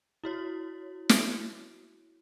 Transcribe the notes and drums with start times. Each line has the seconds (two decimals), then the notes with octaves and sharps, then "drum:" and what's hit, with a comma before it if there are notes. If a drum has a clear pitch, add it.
0.24 E4 F#4 C#5
1.09 drum: snare